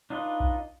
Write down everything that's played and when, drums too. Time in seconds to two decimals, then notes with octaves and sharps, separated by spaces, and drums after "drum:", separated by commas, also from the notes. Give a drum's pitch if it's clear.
0.10 D4 D#4 F4 B4 D#5
0.40 drum: kick A#1